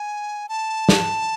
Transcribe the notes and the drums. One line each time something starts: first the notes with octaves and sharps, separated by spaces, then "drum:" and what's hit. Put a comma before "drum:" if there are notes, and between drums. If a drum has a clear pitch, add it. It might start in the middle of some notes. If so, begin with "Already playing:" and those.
Already playing: G#5
A5
drum: snare